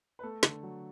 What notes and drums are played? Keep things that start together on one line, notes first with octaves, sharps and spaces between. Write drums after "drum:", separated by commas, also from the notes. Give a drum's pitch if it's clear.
B4
A3 A4
D3, drum: snare
F#3